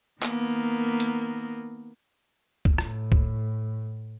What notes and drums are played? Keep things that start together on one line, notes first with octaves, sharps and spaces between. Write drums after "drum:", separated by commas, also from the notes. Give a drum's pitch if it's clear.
D#3 A#3 B3, drum: clap
drum: hi-hat
drum: kick
A2, drum: rim click
drum: kick